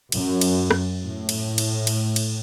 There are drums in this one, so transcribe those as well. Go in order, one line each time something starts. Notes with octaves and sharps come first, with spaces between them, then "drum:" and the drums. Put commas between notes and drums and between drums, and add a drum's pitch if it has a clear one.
F#2, drum: cymbal
drum: cymbal
drum: rim click
A2
drum: cymbal
drum: cymbal
drum: cymbal
drum: cymbal